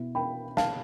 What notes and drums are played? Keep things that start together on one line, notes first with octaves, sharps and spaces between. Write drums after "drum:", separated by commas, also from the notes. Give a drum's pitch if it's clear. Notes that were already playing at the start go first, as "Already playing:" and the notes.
Already playing: B2 B3 E4
G5 B5
F5 A5, drum: snare